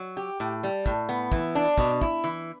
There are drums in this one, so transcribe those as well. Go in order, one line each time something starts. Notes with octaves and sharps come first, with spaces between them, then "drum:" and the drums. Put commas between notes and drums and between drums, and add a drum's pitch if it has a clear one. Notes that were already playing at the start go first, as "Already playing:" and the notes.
Already playing: F#3
G4
A2
G3
A2, drum: kick
B3
E3, drum: kick
D4
B2, drum: kick
E4, drum: kick
E3